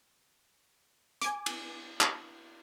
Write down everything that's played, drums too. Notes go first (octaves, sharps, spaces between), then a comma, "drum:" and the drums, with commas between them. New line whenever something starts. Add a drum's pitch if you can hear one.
G#5 D6, drum: hi-hat
drum: cymbal
drum: clap